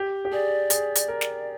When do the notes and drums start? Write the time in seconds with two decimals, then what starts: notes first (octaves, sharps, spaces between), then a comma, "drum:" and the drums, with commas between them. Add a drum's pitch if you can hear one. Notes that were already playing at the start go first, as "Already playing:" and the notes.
Already playing: G4
0.25 G4
0.32 G#4 D5
0.70 G#4, drum: hi-hat
0.96 drum: hi-hat
1.08 A#4
1.21 drum: snare